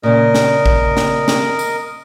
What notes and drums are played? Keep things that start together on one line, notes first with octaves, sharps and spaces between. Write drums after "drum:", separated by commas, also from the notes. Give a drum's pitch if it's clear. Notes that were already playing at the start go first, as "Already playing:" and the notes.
A#2 C#3 A#4 D#5
drum: snare
drum: kick
drum: snare
drum: snare
drum: tambourine